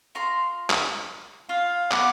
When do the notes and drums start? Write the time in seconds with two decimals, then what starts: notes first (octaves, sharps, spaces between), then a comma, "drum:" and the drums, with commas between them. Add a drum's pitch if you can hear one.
0.15 F4 A#5 C6
0.70 drum: clap
1.49 F4 F5
1.92 B3 F#5 D6, drum: clap